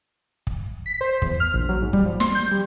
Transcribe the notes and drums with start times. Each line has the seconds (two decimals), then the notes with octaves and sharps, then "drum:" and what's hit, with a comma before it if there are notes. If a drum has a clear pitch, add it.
0.47 drum: kick
0.86 B6
1.01 C5
1.22 E2, drum: kick
1.40 F6
1.54 A#1
1.69 F#3
1.81 G#2
1.93 G3, drum: kick
2.05 F3
2.20 C6, drum: snare
2.35 G6
2.51 G3